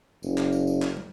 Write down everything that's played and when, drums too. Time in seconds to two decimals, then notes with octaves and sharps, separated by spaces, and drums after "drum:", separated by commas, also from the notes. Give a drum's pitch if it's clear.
0.23 F#1, drum: tambourine
0.38 drum: clap
0.52 drum: tambourine
0.67 drum: tambourine
0.82 drum: clap
0.97 drum: tom